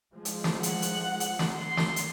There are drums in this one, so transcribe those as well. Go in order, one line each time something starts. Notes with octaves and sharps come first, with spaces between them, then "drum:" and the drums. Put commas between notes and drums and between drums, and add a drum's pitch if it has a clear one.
F3 G#3
drum: hi-hat
drum: snare
F#5 F#6, drum: hi-hat
drum: hi-hat
drum: hi-hat
drum: snare
C6
drum: snare
drum: hi-hat